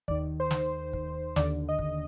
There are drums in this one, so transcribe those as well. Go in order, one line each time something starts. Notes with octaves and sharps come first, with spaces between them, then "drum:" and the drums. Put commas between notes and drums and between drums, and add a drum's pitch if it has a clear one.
D#2 D#3 D5, drum: kick
C5
drum: snare
drum: kick
D#2 D3 D5, drum: snare
D#5
drum: kick